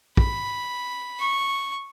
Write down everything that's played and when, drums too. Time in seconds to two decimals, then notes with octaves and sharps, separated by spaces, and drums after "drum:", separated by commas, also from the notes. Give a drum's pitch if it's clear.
0.17 B5, drum: kick
1.20 C#6